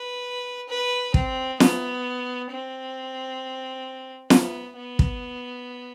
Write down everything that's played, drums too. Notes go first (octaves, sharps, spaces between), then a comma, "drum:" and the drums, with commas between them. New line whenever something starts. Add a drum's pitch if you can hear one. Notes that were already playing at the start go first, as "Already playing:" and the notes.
Already playing: B4
B4
C4, drum: kick
B3, drum: snare
C4
B3, drum: snare
B3
drum: kick